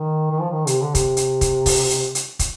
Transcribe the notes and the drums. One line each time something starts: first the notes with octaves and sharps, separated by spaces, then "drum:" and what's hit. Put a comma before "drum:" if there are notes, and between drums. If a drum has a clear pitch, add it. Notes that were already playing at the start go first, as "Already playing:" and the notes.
Already playing: D#3
D#3
F3
D#3
C3, drum: hi-hat
D3
C3, drum: kick, hi-hat
drum: hi-hat
drum: kick, hi-hat
drum: kick, open hi-hat
drum: hi-hat
drum: hi-hat
drum: kick, hi-hat